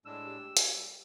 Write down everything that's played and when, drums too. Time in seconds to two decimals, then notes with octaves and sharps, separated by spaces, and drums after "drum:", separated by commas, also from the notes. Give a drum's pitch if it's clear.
0.06 A2 G#3 D4 E6
0.24 G4
0.57 G#5, drum: hi-hat
0.75 G3